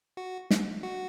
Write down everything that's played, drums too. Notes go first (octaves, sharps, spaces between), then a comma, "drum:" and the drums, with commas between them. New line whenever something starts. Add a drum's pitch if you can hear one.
F#4
drum: snare
F#4